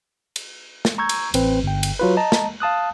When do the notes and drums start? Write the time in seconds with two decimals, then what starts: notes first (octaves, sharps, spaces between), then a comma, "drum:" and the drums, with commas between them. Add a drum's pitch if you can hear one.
0.36 drum: cymbal
0.85 drum: snare
0.98 A#5 C#6 E6 G6 G#6
1.09 drum: cymbal
1.34 A1 C4 B4, drum: cymbal
1.63 G1 G5
1.83 drum: cymbal
1.99 F#3 F4 B4
2.17 D#5 A5 A#5
2.32 drum: snare
2.60 F5 A5 D#6 F#6